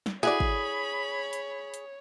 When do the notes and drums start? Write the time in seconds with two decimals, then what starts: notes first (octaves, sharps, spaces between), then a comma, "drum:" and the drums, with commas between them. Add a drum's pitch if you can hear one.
0.06 drum: snare
0.23 E4 F#4 G#4 C#5 D5 B5
0.40 drum: kick
1.33 drum: hi-hat
1.74 drum: hi-hat